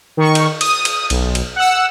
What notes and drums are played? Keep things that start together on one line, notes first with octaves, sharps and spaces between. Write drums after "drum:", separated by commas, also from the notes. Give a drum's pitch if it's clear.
D#3 C#6
drum: cymbal
D#6, drum: cymbal
drum: cymbal
B1, drum: cymbal
drum: cymbal
F#5 E6